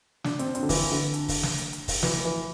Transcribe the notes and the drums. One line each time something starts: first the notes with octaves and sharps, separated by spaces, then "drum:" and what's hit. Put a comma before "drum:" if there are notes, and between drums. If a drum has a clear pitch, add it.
D4, drum: snare
C4, drum: hi-hat
C4, drum: hi-hat
D3
E3, drum: kick, open hi-hat
D3
drum: hi-hat
drum: kick, open hi-hat
drum: snare
drum: hi-hat
drum: hi-hat
drum: kick, open hi-hat
E3, drum: snare
E3